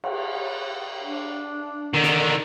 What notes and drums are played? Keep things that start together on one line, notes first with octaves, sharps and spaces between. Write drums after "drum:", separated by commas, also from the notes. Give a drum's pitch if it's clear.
drum: cymbal
D4
D3 D#3
drum: snare